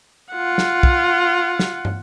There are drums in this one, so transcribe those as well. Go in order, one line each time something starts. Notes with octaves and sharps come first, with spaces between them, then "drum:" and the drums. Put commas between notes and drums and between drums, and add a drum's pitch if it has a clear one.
F4 F#5
drum: snare
drum: kick
drum: snare
drum: tom